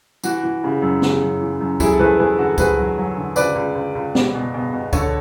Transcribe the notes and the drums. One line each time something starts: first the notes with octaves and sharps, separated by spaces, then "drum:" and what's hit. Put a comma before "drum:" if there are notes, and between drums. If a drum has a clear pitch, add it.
E3 F#4, drum: tambourine
E3
C#3
F#2
C#3, drum: snare
F#2
E3
F#2
F#3 E4 G#4, drum: kick C#2, tambourine
A4
E2 G#4 B4
E2 G#4 B4
D3 F#4 A4
E2 G#4 B4, drum: kick C#2, tambourine
F#3
F#3
D3
C#2 B4 D5, drum: tambourine
C#2
C#2
C#2
B2, drum: snare
B2
B2
B2
D3 A4 C#5, drum: kick C#2, tambourine